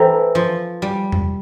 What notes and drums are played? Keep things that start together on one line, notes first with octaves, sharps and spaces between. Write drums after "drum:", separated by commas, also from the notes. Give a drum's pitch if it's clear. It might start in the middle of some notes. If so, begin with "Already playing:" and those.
Already playing: E3 A4 C5 G5 A#5
F3
G3
drum: tom E2